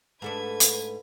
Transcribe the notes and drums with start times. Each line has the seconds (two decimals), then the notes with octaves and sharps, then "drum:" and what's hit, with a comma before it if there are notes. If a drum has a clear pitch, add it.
0.22 G#2 A3 D4 B4 G#6
0.60 drum: hi-hat